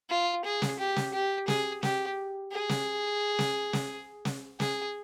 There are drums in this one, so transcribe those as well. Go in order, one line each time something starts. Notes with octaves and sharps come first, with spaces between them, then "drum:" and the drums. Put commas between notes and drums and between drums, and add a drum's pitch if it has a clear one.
F4
G#4
drum: snare
G4
drum: snare
G4
G#4, drum: snare
G4, drum: snare
G#4
drum: snare
drum: snare
drum: snare
drum: snare
G#4, drum: snare